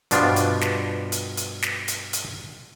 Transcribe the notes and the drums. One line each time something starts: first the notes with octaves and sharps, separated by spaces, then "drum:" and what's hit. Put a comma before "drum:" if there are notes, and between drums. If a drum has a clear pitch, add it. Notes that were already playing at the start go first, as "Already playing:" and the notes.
G2 B2 F3 D4 F4, drum: hi-hat
drum: hi-hat
drum: snare
drum: hi-hat
drum: hi-hat
drum: snare
drum: hi-hat
drum: hi-hat